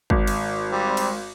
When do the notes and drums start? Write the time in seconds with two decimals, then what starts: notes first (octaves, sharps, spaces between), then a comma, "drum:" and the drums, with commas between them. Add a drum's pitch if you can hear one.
0.10 G#1, drum: kick
0.27 drum: cymbal
0.71 G3 C4
0.97 drum: cymbal